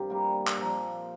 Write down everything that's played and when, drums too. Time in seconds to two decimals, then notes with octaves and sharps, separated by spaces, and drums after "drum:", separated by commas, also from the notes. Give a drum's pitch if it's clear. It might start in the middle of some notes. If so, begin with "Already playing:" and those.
Already playing: G2 D#3 C4 F4 G4
0.10 C3 G3 A#3
0.33 C4
0.47 drum: clap
0.57 A#2 F3 A#3